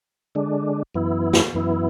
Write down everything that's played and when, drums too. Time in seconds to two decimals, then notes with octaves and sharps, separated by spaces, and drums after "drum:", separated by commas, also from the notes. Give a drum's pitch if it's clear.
0.35 D3 G#3 D4
0.95 F#2 E3 B3 E4
1.33 drum: snare
1.54 F#2 E3 B3 E4